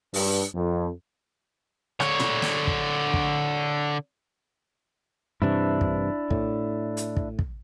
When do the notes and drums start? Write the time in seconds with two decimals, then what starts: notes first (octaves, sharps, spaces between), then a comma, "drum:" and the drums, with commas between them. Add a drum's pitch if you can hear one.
0.14 G2, drum: open hi-hat
0.54 F2
2.00 D3 C#5, drum: rim click
2.20 drum: tom
2.42 drum: snare
2.67 drum: kick
3.14 drum: kick
5.42 G2 C3 E3 D4 E4
5.81 drum: kick
6.30 A2, drum: kick
6.97 drum: hi-hat
7.17 drum: kick
7.39 drum: kick